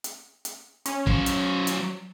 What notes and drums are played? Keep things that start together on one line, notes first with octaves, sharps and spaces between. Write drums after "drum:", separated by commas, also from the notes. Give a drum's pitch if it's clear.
drum: hi-hat
drum: hi-hat
C#4, drum: hi-hat
F#3 C5, drum: kick
drum: hi-hat
drum: hi-hat